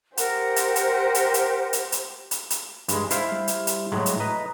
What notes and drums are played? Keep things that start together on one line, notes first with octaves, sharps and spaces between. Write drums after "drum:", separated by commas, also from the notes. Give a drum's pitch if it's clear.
G4 A#4 C5 F#5, drum: hi-hat
drum: hi-hat
drum: hi-hat
drum: hi-hat
drum: hi-hat
drum: hi-hat
drum: hi-hat
drum: hi-hat
drum: hi-hat
G2 G#3 B5, drum: hi-hat
E4 C5 F5, drum: hi-hat
G3
drum: hi-hat
drum: hi-hat
A2 F#3 G#3
drum: hi-hat
B4 D#5 A#5